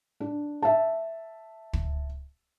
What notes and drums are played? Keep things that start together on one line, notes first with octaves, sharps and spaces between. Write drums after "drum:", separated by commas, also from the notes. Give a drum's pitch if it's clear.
D4
E5 A5
drum: kick